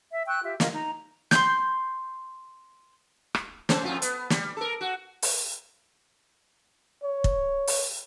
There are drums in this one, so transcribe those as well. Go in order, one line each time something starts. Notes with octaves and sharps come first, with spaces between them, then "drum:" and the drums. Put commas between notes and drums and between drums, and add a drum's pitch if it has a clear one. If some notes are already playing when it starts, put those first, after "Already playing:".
E5
G5 C#6 E6 F#6
F4 G4 E5
F4 A#4 D#5 F5, drum: snare
D#4 A#5
C6 G6, drum: snare
drum: rim click
C#4 A4 C5, drum: snare
F2 A2 F4
B3, drum: hi-hat
G3, drum: snare
A4 A#4
F#4
drum: open hi-hat
C#5
drum: kick
drum: open hi-hat